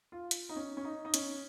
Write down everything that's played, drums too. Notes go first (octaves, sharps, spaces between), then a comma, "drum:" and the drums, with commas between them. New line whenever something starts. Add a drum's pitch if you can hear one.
F4
drum: hi-hat
D#4
C#4
C#4
D#4
D#4
C#4, drum: hi-hat